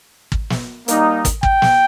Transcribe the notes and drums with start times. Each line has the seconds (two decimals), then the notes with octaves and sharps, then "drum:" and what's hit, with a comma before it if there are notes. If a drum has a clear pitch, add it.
0.32 drum: kick
0.50 drum: snare
0.88 G3 A#3 D#4, drum: hi-hat
1.25 drum: kick, hi-hat
1.43 G5, drum: kick
1.62 drum: snare